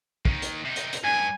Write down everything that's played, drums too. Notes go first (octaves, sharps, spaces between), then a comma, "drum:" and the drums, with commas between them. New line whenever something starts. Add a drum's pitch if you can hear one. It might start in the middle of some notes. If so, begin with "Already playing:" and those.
D#2 D#3, drum: kick
drum: hi-hat
C3 D#4
drum: hi-hat
drum: hi-hat
G2 G#5